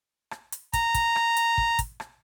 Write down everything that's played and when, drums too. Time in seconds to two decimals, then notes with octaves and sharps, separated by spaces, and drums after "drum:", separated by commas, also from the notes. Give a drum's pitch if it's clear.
0.31 drum: rim click
0.52 drum: hi-hat
0.73 A#5, drum: kick, hi-hat
0.94 drum: kick, hi-hat
1.16 drum: rim click
1.37 drum: hi-hat
1.58 drum: kick
1.79 drum: kick, hi-hat
2.00 drum: rim click